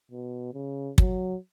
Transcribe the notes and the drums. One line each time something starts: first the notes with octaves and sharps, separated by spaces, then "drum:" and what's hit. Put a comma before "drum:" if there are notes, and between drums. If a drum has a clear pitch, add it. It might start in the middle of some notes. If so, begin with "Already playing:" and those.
B2
C#3
F#3, drum: kick